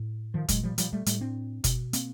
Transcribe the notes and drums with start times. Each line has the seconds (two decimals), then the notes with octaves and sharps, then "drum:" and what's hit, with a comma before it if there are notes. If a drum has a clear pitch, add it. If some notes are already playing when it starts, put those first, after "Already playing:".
Already playing: A2
0.34 D#3 F3
0.48 A#2 F#3 G#3, drum: kick, hi-hat
0.63 F3 G3
0.78 F3 G3, drum: hi-hat
0.92 G3 A3
1.06 A2 G3 A3, drum: hi-hat
1.21 C4 D4
1.64 B2, drum: kick, hi-hat
1.93 A#3 C4, drum: hi-hat